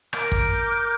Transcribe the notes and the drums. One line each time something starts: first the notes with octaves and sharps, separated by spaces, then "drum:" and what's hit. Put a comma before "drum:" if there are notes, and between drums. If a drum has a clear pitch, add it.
A#4 D6 F6 G6, drum: rim click
drum: kick